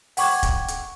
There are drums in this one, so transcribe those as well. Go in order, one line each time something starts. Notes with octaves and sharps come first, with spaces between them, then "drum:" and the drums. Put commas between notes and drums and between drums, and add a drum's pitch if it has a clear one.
F#5 G5 C#6 D6 G#6, drum: open hi-hat
drum: kick, hi-hat
drum: hi-hat